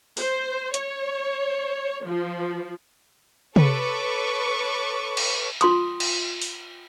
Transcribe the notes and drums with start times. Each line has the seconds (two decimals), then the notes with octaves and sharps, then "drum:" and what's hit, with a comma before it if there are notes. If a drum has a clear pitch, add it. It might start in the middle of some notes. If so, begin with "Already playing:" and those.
0.17 C5, drum: open hi-hat
0.74 C#5, drum: hi-hat
2.04 F3
3.56 A4 B4 C#5 C#6 D6, drum: tom
5.17 drum: cymbal
5.61 F4 C6 D#6, drum: hi-hat
6.00 drum: cymbal
6.41 drum: open hi-hat